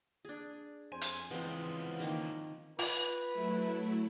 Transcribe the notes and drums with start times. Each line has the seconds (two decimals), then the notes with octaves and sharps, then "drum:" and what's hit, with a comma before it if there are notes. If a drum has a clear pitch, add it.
0.25 D4 G#4
0.92 F2 C5 G#5
1.01 drum: hi-hat
1.31 C#3 E3 F3 G#3 B3 C4
1.99 D#3 A#3 A#4
2.79 F4 B4, drum: open hi-hat
3.30 F#3 A3 E4